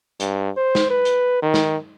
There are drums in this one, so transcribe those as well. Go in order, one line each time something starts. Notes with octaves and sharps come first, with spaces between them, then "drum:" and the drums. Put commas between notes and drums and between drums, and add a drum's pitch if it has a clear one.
G2, drum: hi-hat
C5
drum: snare
B4
drum: hi-hat
D#3
drum: snare